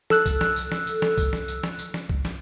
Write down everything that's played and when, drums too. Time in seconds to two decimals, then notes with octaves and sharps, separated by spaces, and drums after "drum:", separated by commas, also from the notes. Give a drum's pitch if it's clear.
0.10 A4 E6 F#6, drum: snare
0.26 drum: kick C2, tambourine
0.41 drum: snare
0.56 drum: tambourine
0.72 drum: snare
0.87 drum: tambourine
1.02 drum: snare
1.18 drum: kick C2, tambourine
1.33 drum: snare
1.48 drum: tambourine
1.63 drum: snare
1.79 drum: tambourine
1.94 drum: snare
2.09 drum: kick C2
2.25 drum: snare